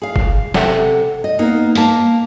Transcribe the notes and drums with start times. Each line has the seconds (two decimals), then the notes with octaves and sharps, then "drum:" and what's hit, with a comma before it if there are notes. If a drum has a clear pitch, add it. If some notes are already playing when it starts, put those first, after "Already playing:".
0.02 G#4 F5
0.16 drum: kick F#1
0.54 C3 A4 E5 F#5, drum: snare
1.24 D#5
1.39 A#3 B3 D#4
1.75 A#3 A5, drum: hi-hat